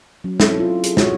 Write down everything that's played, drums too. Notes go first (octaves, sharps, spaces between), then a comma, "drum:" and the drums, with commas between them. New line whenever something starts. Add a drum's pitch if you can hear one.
F#3 C#4
C4 C#4 E4 A4, drum: snare
F4
G#4, drum: hi-hat
B2 F#4 C#5, drum: snare